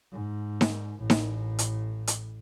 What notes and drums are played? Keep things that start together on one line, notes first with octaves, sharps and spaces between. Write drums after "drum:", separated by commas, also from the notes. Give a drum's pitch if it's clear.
G#2
drum: snare D#4
A1 A2
drum: snare D#4
drum: hi-hat
drum: hi-hat